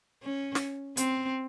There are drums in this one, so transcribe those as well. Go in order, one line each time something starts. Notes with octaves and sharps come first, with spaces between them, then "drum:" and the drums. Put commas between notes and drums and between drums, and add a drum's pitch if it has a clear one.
C#4
drum: snare
C4, drum: hi-hat